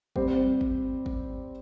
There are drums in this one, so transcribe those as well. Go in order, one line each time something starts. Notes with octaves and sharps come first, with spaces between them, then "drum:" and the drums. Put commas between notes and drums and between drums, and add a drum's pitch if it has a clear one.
G3 C4 G4 C5, drum: kick
drum: kick
drum: kick